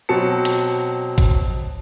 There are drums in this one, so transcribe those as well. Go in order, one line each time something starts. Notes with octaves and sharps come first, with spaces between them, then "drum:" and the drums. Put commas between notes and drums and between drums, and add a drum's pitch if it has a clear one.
B2 F#3 C4 A5 C#7
drum: hi-hat
drum: kick, hi-hat